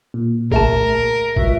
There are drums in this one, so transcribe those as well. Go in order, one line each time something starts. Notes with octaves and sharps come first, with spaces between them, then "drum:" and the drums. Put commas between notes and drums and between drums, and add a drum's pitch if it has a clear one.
A#2
C#3 A3 A#4 A5, drum: kick
C#2 F#4 E5, drum: kick